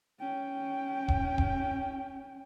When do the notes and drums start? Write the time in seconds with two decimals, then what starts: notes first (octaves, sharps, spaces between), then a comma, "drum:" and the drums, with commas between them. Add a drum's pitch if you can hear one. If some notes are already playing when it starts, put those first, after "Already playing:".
0.20 C#4 G5
1.08 drum: kick
1.38 drum: kick